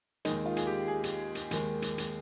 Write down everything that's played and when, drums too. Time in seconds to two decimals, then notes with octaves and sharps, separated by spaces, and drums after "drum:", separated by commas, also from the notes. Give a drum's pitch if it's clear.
0.25 D#2 D#3 G#3 D#4, drum: hi-hat
0.46 F4
0.57 G#4, drum: hi-hat
0.67 G4
0.88 G#4
1.04 drum: hi-hat
1.35 drum: hi-hat
1.51 D#2 D#3 G#3, drum: hi-hat
1.82 drum: hi-hat
1.98 drum: hi-hat